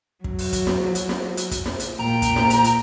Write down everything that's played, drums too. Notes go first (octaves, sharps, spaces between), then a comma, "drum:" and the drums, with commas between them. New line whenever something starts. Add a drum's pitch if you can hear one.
F#3, drum: kick
drum: open hi-hat
drum: kick, hi-hat
drum: snare
drum: hi-hat
drum: snare
drum: hi-hat
drum: kick, hi-hat
drum: snare
drum: hi-hat
A#2 G5 A#5
drum: kick, hi-hat
drum: snare
drum: hi-hat
drum: hi-hat